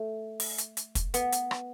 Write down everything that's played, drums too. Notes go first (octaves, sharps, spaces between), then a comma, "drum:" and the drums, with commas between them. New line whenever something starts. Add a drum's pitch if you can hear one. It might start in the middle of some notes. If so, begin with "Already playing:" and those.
Already playing: A3
drum: open hi-hat
drum: hi-hat
drum: hi-hat
drum: kick, hi-hat
B3, drum: hi-hat
drum: hi-hat
drum: rim click